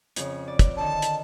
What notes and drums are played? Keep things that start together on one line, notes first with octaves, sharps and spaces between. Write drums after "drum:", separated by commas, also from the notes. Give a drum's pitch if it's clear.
F2 C#3, drum: hi-hat
D5
drum: kick, hi-hat
D3 D#3 A5
drum: hi-hat